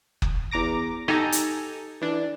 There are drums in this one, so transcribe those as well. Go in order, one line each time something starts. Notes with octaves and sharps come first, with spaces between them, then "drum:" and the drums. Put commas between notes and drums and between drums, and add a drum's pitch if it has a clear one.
drum: kick F#1
E2 A#5 D6 A#6
D#4 G4 A4 G#5 A#5, drum: rim click
drum: hi-hat
E3 D4